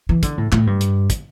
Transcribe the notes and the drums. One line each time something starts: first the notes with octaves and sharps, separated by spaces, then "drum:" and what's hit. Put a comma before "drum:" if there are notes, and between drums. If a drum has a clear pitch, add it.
E3
D3, drum: kick, hi-hat
A2
A2, drum: clap
G2
drum: hi-hat
drum: kick, hi-hat